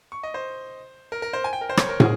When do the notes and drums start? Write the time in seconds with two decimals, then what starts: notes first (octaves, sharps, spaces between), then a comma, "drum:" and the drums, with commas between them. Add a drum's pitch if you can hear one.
0.12 C#6
0.23 D#5
0.34 C5
1.12 A#4
1.22 A#4
1.33 C5
1.44 G#5
1.53 G5
1.61 A#4
1.69 C5
1.77 C#5, drum: rim click
1.89 A#4
2.00 G#4, drum: tom